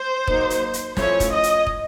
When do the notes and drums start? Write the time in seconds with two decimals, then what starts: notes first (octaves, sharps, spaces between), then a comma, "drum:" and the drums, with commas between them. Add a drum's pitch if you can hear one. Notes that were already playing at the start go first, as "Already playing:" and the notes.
Already playing: C5
0.27 F#3 A#3 D#4, drum: kick
0.50 drum: hi-hat
0.74 drum: hi-hat
0.97 F3 A3 C#4 E4 C#5, drum: snare
1.20 drum: kick, hi-hat
1.32 D#5
1.43 drum: hi-hat
1.67 drum: kick